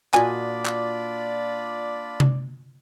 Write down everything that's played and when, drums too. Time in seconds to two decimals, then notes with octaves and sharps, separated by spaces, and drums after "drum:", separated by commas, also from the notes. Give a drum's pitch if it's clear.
0.14 A#2 D4 F4 F#4 D5 D#5 G#5 B5, drum: clap
0.66 drum: clap
2.20 drum: tom C3